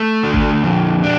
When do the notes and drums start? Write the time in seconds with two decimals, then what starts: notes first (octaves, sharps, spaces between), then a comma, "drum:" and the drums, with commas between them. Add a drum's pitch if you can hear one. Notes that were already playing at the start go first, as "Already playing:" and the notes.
Already playing: A3
0.23 D3
0.34 drum: kick G1
0.63 F2
1.03 D4